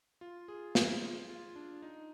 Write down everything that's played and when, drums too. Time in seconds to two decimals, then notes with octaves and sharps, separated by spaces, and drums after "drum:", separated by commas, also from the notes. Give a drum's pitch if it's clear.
0.21 F4
0.48 G#4
0.75 F4, drum: snare
1.29 F4
1.56 D4
1.82 D#4